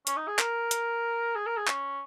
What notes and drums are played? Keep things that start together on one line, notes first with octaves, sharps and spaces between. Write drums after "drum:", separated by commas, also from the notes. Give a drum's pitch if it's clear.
C#4, drum: hi-hat
D#4
G#4
A#4, drum: clap
drum: hi-hat
G#4
A#4
G#4
C#4, drum: clap